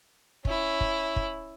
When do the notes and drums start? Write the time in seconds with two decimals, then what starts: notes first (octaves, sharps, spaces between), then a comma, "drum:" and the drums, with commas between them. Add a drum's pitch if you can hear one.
0.45 C#4 E4, drum: kick
0.81 drum: kick
1.16 drum: kick